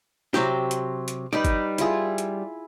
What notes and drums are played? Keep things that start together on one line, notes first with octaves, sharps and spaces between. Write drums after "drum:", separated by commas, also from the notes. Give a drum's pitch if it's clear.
C3 F#3 G4, drum: snare E4
drum: hi-hat
drum: hi-hat
G3 D#4 B4 D5
drum: kick, hi-hat
E4 F4 G#4, drum: hi-hat
drum: hi-hat